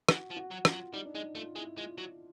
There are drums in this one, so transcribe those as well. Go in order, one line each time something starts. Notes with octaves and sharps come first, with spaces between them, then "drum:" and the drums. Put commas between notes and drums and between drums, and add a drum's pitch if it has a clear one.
E3 F#4, drum: rim click
F3
F#4
F#3
F4, drum: rim click
F#3
G3 D#4
D4
G#3 D#4
A3 F4
G#3 E4
G#3 F4
F#3